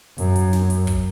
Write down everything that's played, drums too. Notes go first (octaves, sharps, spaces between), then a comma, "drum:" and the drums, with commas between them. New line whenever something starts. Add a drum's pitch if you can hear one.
F#2, drum: hi-hat
drum: hi-hat
drum: snare
drum: hi-hat
drum: kick, hi-hat